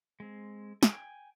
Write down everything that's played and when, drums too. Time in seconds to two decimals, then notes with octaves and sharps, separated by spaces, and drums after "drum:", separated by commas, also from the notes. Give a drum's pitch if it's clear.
0.20 G#3 C4
0.83 G5 G#5, drum: snare